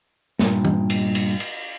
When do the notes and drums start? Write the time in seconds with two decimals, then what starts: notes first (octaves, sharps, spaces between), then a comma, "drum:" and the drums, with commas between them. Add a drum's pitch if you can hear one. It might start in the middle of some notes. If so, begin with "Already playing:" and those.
0.39 G2 A#2, drum: snare
0.65 drum: tom E3
0.90 drum: cymbal
1.15 drum: cymbal
1.40 drum: cymbal